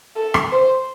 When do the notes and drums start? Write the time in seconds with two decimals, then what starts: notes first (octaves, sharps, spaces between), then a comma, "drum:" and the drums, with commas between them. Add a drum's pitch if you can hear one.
0.16 A4
0.34 drum: rim click
0.51 C5